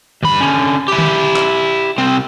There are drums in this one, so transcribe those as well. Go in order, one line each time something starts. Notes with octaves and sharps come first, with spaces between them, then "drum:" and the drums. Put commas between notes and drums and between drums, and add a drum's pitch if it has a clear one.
G2 B5, drum: tom D3
D3 C#4
E4 G4
drum: tom D3
drum: clap
C2 C4